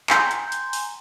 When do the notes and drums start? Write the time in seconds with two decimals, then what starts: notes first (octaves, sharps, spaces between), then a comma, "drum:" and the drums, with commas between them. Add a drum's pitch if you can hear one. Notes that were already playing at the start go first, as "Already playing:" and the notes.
0.10 G5 G#5 A#5 C6 G6, drum: clap
0.31 drum: hi-hat
0.52 drum: hi-hat
0.73 drum: open hi-hat